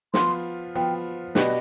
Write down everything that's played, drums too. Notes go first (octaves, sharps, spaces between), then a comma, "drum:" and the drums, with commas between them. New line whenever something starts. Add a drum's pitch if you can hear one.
F3 B3 F4 C6, drum: snare
F3 B3 F4 G5
B2 B3 D4 G4 B4 D#5, drum: snare